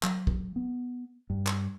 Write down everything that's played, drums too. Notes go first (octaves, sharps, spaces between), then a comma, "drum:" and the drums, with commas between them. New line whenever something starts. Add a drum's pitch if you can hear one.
F#3, drum: clap
drum: kick
B3
G2
drum: clap